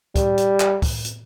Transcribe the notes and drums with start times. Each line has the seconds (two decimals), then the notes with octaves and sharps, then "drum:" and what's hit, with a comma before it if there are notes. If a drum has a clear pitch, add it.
0.15 G3, drum: kick, hi-hat
0.38 drum: hi-hat
0.60 drum: clap
0.82 drum: kick, open hi-hat
1.05 drum: hi-hat